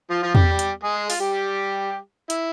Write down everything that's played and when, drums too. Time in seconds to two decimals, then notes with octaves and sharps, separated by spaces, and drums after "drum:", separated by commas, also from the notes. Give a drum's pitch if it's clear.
0.10 F3 F4
0.22 F3 F4
0.35 G3 G4, drum: tom E2
0.59 drum: hi-hat
0.84 G#3 G#4
1.10 F4, drum: open hi-hat
1.20 G3 G4
2.30 E4, drum: hi-hat